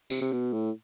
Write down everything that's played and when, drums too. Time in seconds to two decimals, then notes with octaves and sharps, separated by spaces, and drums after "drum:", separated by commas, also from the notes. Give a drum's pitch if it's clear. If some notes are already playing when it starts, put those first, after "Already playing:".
0.10 C3, drum: tambourine
0.21 C3
0.32 B2
0.53 A2